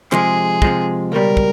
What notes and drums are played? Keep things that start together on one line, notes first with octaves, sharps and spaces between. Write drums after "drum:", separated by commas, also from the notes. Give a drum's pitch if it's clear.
C3 F3 G#3 G#4, drum: clap
C3 F3 G#3, drum: kick
C#2 B2 G3 A#4
drum: kick